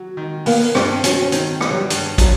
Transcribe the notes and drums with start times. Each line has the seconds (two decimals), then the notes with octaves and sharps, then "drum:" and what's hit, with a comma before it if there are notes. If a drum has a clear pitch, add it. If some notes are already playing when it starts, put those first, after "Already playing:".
Already playing: F#3
0.17 D#3
0.46 A#3 B3, drum: open hi-hat
0.75 G2 C4, drum: rim click
1.04 F#3 C#4, drum: hi-hat
1.13 C4
1.22 C#4
1.32 D#3 C4, drum: hi-hat
1.61 B3, drum: rim click
1.71 F#3
1.75 G3
1.90 G2, drum: hi-hat
2.18 F3 F#3, drum: kick, hi-hat